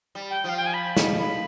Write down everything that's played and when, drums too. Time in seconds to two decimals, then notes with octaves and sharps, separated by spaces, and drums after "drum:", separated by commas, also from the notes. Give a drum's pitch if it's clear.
0.15 G3
0.30 G5
0.44 F3 F5
0.57 G5
0.66 G#5
0.74 B5
0.97 drum: snare
1.19 B5